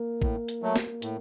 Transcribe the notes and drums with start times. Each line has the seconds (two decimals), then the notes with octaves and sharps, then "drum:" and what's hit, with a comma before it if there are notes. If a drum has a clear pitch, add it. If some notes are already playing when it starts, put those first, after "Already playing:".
Already playing: A#3
0.22 A2, drum: kick A1
0.48 drum: hi-hat
0.62 F#3 A3
0.76 drum: snare
1.02 A2, drum: hi-hat